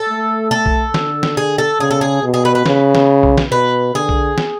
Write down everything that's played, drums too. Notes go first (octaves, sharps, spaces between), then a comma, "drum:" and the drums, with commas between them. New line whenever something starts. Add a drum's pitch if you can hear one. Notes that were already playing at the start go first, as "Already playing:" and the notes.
Already playing: A4
A3
A4
drum: kick B1
D3, drum: snare
drum: snare
G#4
A4
C#3 G#4
A4
G#4
B2
G#4
B4
B4
C#3, drum: snare
drum: snare
drum: kick B1
drum: snare
B2 B4
D3 G#4
drum: kick B1
drum: snare